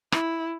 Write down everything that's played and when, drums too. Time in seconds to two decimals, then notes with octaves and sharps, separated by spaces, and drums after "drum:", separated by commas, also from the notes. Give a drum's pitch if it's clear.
0.12 E4, drum: rim click